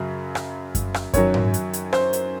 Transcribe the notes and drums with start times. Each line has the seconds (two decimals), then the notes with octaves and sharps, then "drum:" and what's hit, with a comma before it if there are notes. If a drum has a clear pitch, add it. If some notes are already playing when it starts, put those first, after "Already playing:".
Already playing: F#2 C#3 F#3
0.35 drum: rim click
0.75 drum: kick F#2, hi-hat
0.94 drum: rim click
1.14 F#2 D#3 F#3 C#5, drum: kick F#2, hi-hat
1.34 drum: tom G#2
1.54 drum: hi-hat
1.73 drum: hi-hat
1.93 C5, drum: rim click
2.13 drum: hi-hat